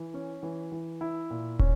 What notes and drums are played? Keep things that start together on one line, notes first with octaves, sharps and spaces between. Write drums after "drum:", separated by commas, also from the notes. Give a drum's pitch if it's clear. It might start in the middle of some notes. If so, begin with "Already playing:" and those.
Already playing: E3
C#4
E3
E3
E4
A#2
C#4, drum: kick